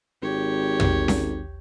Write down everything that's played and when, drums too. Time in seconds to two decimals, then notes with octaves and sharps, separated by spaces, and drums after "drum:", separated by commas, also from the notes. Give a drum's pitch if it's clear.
0.23 G#1 G4 C#5
0.80 drum: tom
1.08 drum: snare C#4